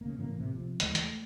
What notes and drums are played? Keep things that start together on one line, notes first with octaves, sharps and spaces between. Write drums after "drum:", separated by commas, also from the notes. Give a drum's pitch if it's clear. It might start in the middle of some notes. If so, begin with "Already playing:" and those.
C#3 A#3
A2 E3 A#3
C3
C3 F3
D#2 E3 G#3 A3, drum: hi-hat
A3, drum: hi-hat